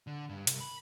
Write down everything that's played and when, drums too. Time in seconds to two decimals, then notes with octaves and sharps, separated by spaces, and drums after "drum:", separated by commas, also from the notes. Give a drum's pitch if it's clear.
0.07 D3
0.29 G2
0.47 C2, drum: hi-hat
0.60 B5